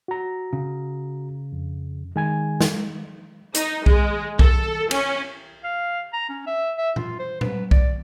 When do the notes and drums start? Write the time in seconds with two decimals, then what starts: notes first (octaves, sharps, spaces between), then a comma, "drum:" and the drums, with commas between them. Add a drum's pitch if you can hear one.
0.08 F#4 A#5
0.53 C#3
1.52 F2
2.16 D#3 G#3 G#5 G#6
2.61 drum: snare
3.55 D#4, drum: hi-hat
3.86 G#3, drum: kick B1
4.39 A4, drum: kick B1
4.91 C#4, drum: cymbal
5.64 F5
6.13 A#5
6.29 C#4
6.47 E5
6.78 E5
6.96 F4, drum: tom A#2
7.19 C5
7.41 B4, drum: tom A#2
7.71 D5, drum: kick B1